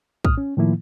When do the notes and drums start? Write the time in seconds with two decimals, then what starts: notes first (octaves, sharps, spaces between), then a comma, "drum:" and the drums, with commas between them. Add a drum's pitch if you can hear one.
0.25 A2 D#6 F6, drum: kick
0.38 C#4
0.57 A2 D#3 F3 A#3 E4